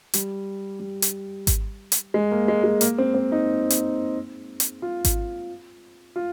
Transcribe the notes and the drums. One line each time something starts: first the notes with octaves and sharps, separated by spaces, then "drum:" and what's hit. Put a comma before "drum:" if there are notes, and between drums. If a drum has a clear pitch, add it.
G3, drum: hi-hat
G3
drum: hi-hat
drum: kick G#1, hi-hat
drum: hi-hat
G#3
A#3
G#3
G#3
A#3, drum: hi-hat
C4
C4
D#4
drum: hi-hat
drum: hi-hat
F4
drum: kick G#1, hi-hat
F4